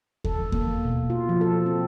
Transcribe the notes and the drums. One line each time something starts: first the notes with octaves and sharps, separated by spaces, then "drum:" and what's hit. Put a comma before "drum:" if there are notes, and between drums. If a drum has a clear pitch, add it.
A4, drum: kick D#2
A#3, drum: kick D#2
B2
F4
F3
A4
C4